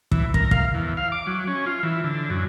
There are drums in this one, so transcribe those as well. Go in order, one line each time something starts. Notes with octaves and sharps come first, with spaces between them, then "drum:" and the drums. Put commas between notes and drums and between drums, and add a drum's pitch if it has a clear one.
E3, drum: kick
A#4, drum: kick
F5, drum: kick
E2
F5
D6
F#3
C#4
F4
E3
D3
F#2